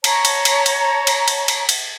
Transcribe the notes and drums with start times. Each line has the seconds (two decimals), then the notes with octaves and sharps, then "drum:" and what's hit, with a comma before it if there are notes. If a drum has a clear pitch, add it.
0.04 C#5 A5 A#5, drum: cymbal
0.25 drum: cymbal
0.45 drum: cymbal
0.66 drum: cymbal
1.07 drum: cymbal
1.28 drum: cymbal
1.48 drum: cymbal
1.69 drum: cymbal